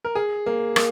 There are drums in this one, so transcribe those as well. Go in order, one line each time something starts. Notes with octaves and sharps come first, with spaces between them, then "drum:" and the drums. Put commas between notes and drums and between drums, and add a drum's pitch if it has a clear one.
A#4
G#4
A#3
A#3, drum: rim click